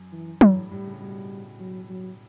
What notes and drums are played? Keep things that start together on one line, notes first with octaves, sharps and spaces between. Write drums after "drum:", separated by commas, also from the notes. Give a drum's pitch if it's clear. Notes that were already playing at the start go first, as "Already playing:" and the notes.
Already playing: F#2
E3
G2 E3, drum: tom F#3
A2
A2 G3
C#3
B2 G3
F#3
F#3